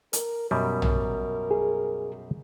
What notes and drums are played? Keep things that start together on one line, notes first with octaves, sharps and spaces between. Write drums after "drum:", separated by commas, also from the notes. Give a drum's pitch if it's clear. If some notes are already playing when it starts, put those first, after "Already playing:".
A#4, drum: hi-hat
F#2 B2 G3 A#4
drum: tom A#1
G#4